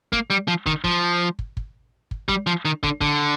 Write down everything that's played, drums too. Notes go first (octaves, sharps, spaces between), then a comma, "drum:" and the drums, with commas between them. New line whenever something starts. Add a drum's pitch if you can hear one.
A#3, drum: kick
G3
F3
D#3, drum: kick
F3, drum: kick
drum: kick
drum: kick
drum: kick
G3, drum: kick
F3
D#3
D3, drum: kick
D3, drum: kick